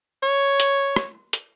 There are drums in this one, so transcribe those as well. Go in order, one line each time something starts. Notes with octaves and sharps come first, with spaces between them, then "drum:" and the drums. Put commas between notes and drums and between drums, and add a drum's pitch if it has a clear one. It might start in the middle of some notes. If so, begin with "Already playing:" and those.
C#5
drum: hi-hat
drum: rim click
drum: hi-hat